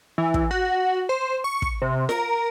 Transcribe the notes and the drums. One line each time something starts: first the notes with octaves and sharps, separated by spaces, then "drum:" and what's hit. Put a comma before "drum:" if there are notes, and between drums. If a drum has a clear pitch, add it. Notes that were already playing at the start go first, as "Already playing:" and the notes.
E3
drum: kick
F#4
C5
C#6
drum: kick
C3
A#4, drum: snare F4